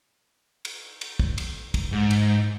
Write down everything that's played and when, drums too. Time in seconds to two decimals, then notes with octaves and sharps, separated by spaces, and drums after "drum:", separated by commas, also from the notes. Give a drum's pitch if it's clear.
0.65 drum: cymbal
1.01 drum: cymbal
1.19 drum: kick
1.38 drum: cymbal
1.74 drum: kick, cymbal
1.92 G#2
2.11 drum: cymbal